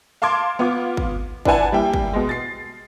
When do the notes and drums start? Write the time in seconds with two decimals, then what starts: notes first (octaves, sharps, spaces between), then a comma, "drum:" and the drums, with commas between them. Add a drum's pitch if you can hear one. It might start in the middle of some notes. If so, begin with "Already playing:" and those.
0.22 F5 A5 C6 D6 G#6 D7
0.59 B3 F4 D6
0.97 drum: kick
1.45 D4 E4 B4 F#5 G#5 A5, drum: kick
1.72 G3 A#3 E4 G5
1.94 drum: kick
2.13 B2 G#3
2.29 A6 C7